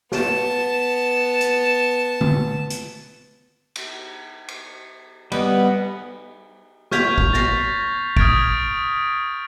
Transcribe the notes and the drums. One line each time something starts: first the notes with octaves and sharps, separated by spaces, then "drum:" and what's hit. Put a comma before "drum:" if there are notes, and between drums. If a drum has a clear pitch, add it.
B3 A5, drum: snare
drum: hi-hat
drum: tom D3
drum: hi-hat
drum: cymbal
drum: cymbal
G3 B3 D#5 F#5 B5, drum: cymbal
C#6 F6 G6 G#6 B6 F7, drum: snare
drum: kick
A6 A#6 C7, drum: snare
D#6 F6 G#6 A6 D7, drum: kick